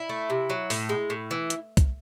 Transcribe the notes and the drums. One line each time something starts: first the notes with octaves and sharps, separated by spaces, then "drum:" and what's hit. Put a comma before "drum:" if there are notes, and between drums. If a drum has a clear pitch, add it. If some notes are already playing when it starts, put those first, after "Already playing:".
Already playing: E4
A3
C3
F#3
A2, drum: open hi-hat
G#3
A2
E3
drum: hi-hat
drum: kick C2, hi-hat